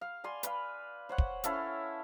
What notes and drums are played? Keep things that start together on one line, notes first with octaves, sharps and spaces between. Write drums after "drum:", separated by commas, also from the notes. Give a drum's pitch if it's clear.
F5
D5 G#5 C6
B4 F5, drum: hi-hat
C5 C#5 F#5
drum: kick
C#4 E4 A4 F5, drum: hi-hat